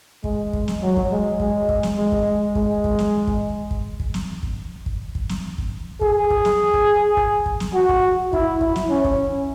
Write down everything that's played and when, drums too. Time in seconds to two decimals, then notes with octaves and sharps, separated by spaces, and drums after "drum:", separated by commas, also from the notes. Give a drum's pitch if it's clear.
0.24 G#3, drum: kick
0.53 drum: kick
0.68 drum: snare
0.82 F#3
0.97 drum: kick
1.12 G#3
1.40 G#3, drum: kick
1.69 drum: kick
1.83 drum: snare
1.98 G#3
2.12 drum: kick
2.55 G#3, drum: kick
2.84 drum: kick
2.99 drum: snare
3.27 drum: kick
3.71 drum: kick
4.00 drum: kick
4.14 drum: snare
4.43 drum: kick
4.86 drum: kick
5.15 drum: kick
5.29 drum: snare
5.58 drum: kick
6.01 G#4, drum: kick
6.30 drum: kick
6.45 drum: snare
6.74 drum: kick
7.17 drum: kick
7.46 drum: kick
7.60 drum: snare
7.74 F#4
7.89 drum: kick
8.33 E4, drum: kick
8.61 E4, drum: kick
8.76 drum: snare
8.90 C#4
9.04 drum: kick